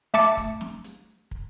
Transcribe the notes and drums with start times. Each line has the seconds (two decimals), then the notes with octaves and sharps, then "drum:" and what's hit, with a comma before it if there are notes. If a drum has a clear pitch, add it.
0.14 A3 E5 A5 D6 A6 C#7
0.37 drum: kick, hi-hat
0.61 drum: snare
0.84 drum: hi-hat
1.31 drum: kick